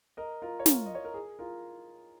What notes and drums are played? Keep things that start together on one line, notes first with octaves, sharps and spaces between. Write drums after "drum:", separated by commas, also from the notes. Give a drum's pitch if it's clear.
A#4 D#5
F4 A#4
C#5
F4 A#4, drum: snare
D#5
C#5
A#4
G#4
F4 A#4